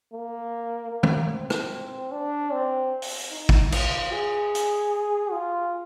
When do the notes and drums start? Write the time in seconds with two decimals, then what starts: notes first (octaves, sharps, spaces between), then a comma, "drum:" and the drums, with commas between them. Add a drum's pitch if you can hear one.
0.13 A#3
0.92 A#3
1.03 drum: tom
1.32 C4
1.50 drum: rim click
2.12 D4
2.52 C4
3.02 drum: open hi-hat
3.31 D#4
3.49 drum: kick
3.72 F4, drum: cymbal
4.12 G#4
4.55 drum: hi-hat
5.31 F4